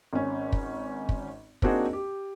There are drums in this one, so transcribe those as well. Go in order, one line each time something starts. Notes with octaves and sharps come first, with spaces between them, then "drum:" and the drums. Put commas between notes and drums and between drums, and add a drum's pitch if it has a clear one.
G#1 C#4
drum: kick
drum: kick
A#3 C4 D4 D#4 F#4 G#4, drum: kick
G4